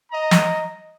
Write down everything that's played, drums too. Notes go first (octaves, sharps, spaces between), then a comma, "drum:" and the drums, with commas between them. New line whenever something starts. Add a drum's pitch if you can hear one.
D#5 A#5
drum: snare